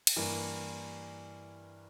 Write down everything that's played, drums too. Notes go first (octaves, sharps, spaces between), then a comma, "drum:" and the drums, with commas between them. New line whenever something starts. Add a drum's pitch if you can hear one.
drum: cymbal
G2 E3 A#3